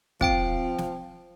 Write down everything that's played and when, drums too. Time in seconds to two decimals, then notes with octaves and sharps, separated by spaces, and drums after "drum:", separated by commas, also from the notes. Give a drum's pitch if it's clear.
0.21 F3 C4 G5 D7, drum: kick
0.78 drum: snare